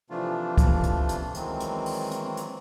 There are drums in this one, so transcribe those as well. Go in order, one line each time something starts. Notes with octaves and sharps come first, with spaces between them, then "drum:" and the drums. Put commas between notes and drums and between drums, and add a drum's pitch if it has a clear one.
C3 E3 F3 A3 D4 F4
drum: kick, hi-hat
drum: hi-hat
drum: hi-hat
D#3 E3 F#3 G#3 C4, drum: hi-hat
drum: hi-hat
drum: open hi-hat
drum: hi-hat
drum: hi-hat